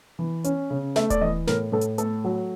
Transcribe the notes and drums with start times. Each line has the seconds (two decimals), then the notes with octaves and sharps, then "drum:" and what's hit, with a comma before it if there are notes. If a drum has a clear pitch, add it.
0.19 E3
0.44 C#4, drum: hi-hat
0.70 C#3
0.96 A3 E5, drum: snare
1.10 D5, drum: kick D#1, hi-hat
1.21 E3 D#5
1.47 A2 A#4, drum: snare
1.72 A2 A4
1.81 drum: hi-hat
1.98 A3 A4, drum: hi-hat
2.24 F#3